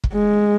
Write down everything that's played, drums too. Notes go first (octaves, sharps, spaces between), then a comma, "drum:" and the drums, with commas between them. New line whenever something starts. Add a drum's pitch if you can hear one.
drum: kick
G#3